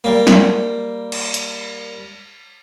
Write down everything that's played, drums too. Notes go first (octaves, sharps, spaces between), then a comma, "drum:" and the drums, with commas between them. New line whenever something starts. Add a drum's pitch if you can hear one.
G3 A#3
drum: snare
drum: cymbal
drum: hi-hat